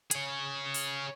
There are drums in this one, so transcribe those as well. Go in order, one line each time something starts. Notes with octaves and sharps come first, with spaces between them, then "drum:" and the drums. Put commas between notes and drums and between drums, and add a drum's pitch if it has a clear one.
G#4 C#5, drum: hi-hat
drum: open hi-hat